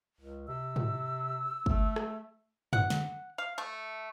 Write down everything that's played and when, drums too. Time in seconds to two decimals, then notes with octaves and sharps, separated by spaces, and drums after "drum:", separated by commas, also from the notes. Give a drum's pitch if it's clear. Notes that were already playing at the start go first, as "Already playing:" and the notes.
0.21 C#2
0.48 C3 E6
0.76 drum: tom G#2
1.66 A3, drum: kick
1.96 drum: rim click
2.73 F#5, drum: tom F#2
2.90 drum: snare
3.38 F5
3.58 A3